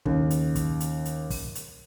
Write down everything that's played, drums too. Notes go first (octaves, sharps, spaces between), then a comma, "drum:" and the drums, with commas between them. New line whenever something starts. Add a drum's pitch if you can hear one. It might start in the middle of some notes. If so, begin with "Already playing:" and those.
D#2 C#3, drum: kick
drum: hi-hat
drum: kick, hi-hat
drum: hi-hat
drum: hi-hat
drum: kick, open hi-hat
drum: hi-hat